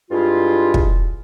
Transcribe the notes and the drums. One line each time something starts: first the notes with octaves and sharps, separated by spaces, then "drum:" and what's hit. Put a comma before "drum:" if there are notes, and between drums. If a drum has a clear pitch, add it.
G2 G#3 E4 F4
drum: kick